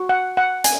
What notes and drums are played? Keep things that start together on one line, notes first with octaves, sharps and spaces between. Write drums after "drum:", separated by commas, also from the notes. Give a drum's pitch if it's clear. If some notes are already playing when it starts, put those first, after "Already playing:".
Already playing: F#4
F#5
F#5
G#5, drum: hi-hat